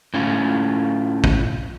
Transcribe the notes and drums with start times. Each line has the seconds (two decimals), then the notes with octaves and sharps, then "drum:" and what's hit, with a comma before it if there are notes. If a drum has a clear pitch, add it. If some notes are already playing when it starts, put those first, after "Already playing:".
0.14 A2 C#4 F4
1.24 drum: kick